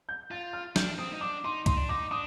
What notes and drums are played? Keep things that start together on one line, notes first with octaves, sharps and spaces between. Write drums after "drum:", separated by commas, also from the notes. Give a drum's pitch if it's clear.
G6
F4 A6
F6
D4 G6, drum: snare
C4 D#6
D#4
D4 D6
D#4 C6
D#4 C6, drum: kick, hi-hat
D4
D#4 D6
D4 D#6